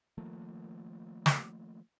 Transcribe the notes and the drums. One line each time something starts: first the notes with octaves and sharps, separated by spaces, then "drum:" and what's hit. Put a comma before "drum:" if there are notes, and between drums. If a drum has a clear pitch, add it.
D#3 F3 A3 A#3
drum: snare